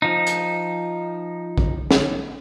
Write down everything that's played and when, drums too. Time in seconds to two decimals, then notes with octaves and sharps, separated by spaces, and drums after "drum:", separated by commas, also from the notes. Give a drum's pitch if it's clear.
0.02 F3 D#4
0.27 drum: hi-hat
1.58 drum: kick
1.91 drum: snare